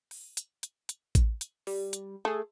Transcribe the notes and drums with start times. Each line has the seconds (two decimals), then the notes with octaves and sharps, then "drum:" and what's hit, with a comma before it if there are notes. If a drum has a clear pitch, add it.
0.11 drum: open hi-hat
0.37 drum: hi-hat
0.63 drum: hi-hat
0.89 drum: hi-hat
1.15 drum: kick A1, hi-hat
1.41 drum: hi-hat
1.67 G3, drum: open hi-hat
1.93 drum: hi-hat
2.25 A3 G#4 A4